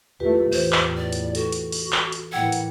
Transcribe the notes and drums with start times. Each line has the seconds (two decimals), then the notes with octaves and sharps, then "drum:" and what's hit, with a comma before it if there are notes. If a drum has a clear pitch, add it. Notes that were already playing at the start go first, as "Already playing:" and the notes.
0.20 E2 E3 A3 F4 G4 B4
0.53 E2 A2 E3 C5, drum: open hi-hat
0.73 drum: clap
0.97 D5
1.12 drum: hi-hat
1.35 F#4 A4, drum: hi-hat
1.52 drum: hi-hat
1.72 drum: open hi-hat
1.92 drum: clap
2.12 drum: hi-hat
2.32 A2 E3 A#3 F#5 G5 E6 G#6
2.52 drum: hi-hat